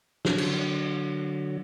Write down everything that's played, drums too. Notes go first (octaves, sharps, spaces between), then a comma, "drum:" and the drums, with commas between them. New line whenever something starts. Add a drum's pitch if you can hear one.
D3 F#3, drum: snare
drum: cymbal